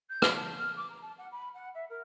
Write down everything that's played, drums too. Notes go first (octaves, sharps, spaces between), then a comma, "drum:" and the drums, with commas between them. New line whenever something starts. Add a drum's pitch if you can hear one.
G6
F6, drum: rim click
A5
F6
D6
A#5
A5
F#5
B5
F#5
E5
A#4